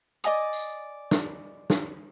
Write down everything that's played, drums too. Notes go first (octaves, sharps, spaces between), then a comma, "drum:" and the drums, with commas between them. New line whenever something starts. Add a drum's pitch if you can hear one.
D5 D#5 G#5 D#6
drum: tambourine
drum: snare
drum: snare